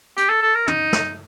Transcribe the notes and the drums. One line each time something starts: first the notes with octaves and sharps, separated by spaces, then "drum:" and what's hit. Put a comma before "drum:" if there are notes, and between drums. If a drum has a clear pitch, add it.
G4, drum: hi-hat
A4
A4
A#4
D#4, drum: tom
drum: snare